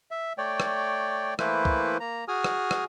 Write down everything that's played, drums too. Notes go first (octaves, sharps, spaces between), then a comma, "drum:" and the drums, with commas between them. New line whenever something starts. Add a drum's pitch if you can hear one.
E5
A3 C#5 D5 G5
drum: rim click
E3 A3 A#3 E4 B4 C5, drum: rim click
drum: kick
A#3 A#5
F#4 G#4 G#5 D#6 F6
drum: rim click
drum: rim click